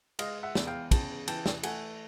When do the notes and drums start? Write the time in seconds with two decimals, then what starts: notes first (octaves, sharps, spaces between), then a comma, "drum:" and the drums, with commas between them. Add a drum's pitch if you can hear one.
0.19 G#3 D#5 F5, drum: cymbal
0.43 E5 F#5
0.55 E2, drum: snare
0.67 F5 G5
0.91 C#3 G5 A5, drum: kick, cymbal
1.28 E3 G5 A5, drum: cymbal
1.46 drum: snare
1.63 A3 F#5 G#5, drum: cymbal